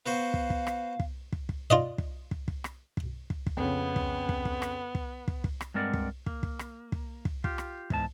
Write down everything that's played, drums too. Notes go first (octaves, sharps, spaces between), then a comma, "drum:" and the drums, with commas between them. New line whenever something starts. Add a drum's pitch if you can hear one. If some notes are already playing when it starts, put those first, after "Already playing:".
B3 F#4 C5 F5
drum: kick
drum: kick
drum: rim click
drum: kick
drum: kick
drum: kick
F4 D5 D#5
drum: kick
drum: kick
drum: kick
drum: rim click
drum: kick
drum: kick
drum: kick
F2 C#3 B3
drum: kick
drum: kick
drum: kick
drum: rim click
drum: kick
drum: kick
drum: kick
drum: rim click
G2 G#3 C4 A#4 D5 F#5
drum: kick
A#3, drum: kick
drum: kick
drum: rim click
drum: kick
drum: kick
F4 G4, drum: kick
drum: rim click
E2 G#2 A5, drum: kick